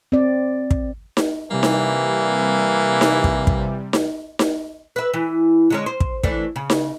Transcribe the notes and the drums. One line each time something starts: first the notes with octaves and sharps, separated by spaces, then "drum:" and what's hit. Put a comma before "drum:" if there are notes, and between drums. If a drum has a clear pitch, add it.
C4 D5
drum: kick
drum: snare D#4
C3 E3 G3 A#3
drum: snare D#4
drum: snare D#4
drum: kick
drum: kick
drum: snare D#4
drum: snare D#4
B4 E5
E3
D3 G#3 C#4
C5
drum: kick
E3 A3 D4, drum: kick
C#3
drum: snare D#4